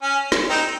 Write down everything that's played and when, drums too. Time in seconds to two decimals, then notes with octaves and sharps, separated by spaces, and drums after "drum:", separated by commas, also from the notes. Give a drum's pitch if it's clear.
0.02 C#4
0.32 drum: snare
0.49 C4 D#4